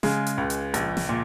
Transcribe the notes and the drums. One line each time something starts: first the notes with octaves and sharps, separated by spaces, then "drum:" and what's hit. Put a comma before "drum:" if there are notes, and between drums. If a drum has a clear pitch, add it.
C#3 G#3, drum: snare
drum: hi-hat
C#2
drum: hi-hat
A#1, drum: hi-hat
drum: snare
A#2